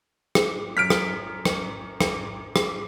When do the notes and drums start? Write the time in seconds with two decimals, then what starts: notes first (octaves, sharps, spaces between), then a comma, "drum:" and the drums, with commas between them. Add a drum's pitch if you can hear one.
0.35 drum: rim click
0.77 F#2 F6 B6 D7
0.90 drum: rim click
1.45 drum: rim click
2.01 drum: rim click
2.56 drum: rim click